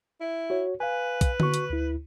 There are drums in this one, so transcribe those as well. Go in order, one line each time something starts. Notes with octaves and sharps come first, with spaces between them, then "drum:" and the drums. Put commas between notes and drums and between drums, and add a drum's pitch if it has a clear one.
E4
F#4 C#5
B4 F5 G#5
drum: kick, hi-hat
F#4 C#6, drum: tom D3
drum: hi-hat
D2 E4